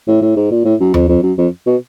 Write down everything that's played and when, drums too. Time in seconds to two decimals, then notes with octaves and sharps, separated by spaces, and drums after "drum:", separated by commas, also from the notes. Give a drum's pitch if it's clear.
0.08 A2
0.22 A2
0.36 G#2
0.51 A#2
0.65 A2
0.80 F#2
0.94 F2, drum: tom D#2
1.08 F2
1.23 F#2
1.37 F2
1.66 B2